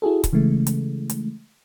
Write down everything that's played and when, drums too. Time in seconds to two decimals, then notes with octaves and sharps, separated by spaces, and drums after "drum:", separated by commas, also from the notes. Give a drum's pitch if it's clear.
0.02 E4 F#4 G#4 A4
0.24 drum: kick C#1, hi-hat
0.33 C#3 E3 G#3 A3
0.67 drum: hi-hat
1.10 drum: hi-hat